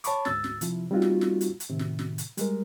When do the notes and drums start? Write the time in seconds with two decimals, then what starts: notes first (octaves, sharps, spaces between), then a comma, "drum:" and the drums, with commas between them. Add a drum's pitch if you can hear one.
0.04 C#5 A5 B5 C#6 D6, drum: hi-hat
0.25 D2 G#2 E6 A6, drum: snare
0.44 drum: snare
0.61 C3 F3 E4, drum: hi-hat
0.91 G3 A#3 C4 D#4 F4 F#4
1.02 drum: snare
1.21 drum: snare
1.41 drum: hi-hat
1.60 drum: hi-hat
1.69 A2 C3 D#3
1.79 drum: snare
1.99 drum: snare
2.18 drum: hi-hat
2.37 G3 G#3 A#4, drum: hi-hat